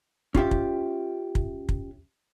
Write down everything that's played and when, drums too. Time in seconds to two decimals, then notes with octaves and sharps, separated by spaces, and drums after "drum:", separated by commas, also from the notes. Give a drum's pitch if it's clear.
0.34 C#4 F4 G4 E5, drum: kick
0.51 drum: kick
1.35 drum: kick
1.69 drum: kick